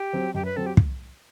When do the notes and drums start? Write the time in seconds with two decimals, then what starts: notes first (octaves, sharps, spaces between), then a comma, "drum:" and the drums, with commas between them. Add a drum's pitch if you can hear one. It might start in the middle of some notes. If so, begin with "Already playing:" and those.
Already playing: G4
0.13 F#3 C4
0.34 F#2 G4
0.45 B4
0.56 F#3 C4 A4
0.66 G4
0.77 drum: kick